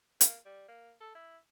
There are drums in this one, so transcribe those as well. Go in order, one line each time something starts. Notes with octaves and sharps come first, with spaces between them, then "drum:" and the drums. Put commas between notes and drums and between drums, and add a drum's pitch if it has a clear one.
A#3, drum: hi-hat
G3
A#3
A4
E4